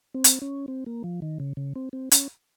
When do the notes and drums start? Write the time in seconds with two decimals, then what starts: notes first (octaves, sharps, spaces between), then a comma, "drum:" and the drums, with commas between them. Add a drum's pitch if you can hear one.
0.14 C4
0.24 drum: hi-hat
0.42 C#4
0.68 C4
0.86 A#3
1.04 F3
1.22 D#3
1.40 C#3
1.57 C#3
1.76 C4
1.93 C4
2.11 C#4, drum: hi-hat